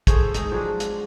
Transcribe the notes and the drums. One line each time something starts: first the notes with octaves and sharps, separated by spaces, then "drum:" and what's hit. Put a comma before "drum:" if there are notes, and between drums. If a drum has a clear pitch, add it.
G#4 A4 C5 C#5, drum: kick, hi-hat
G#3 D#4, drum: hi-hat
F3 F#3 G#3 D4
drum: hi-hat